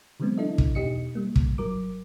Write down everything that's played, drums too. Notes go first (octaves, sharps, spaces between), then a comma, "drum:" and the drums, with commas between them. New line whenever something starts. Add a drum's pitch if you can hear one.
D3 E3 F#3 G#3 B3 C4
D4 E4 A4 D#5
drum: kick
E2 B2 D#4 G4 D#5 C#7
G3 A#3
drum: kick
G1 F#3 A#4 D6